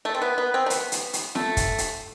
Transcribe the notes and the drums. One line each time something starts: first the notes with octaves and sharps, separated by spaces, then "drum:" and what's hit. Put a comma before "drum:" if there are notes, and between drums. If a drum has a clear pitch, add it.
A3
C4
B3
B3
C4
A3
B3, drum: hi-hat
drum: hi-hat
drum: hi-hat
A3, drum: snare
drum: kick, hi-hat
drum: hi-hat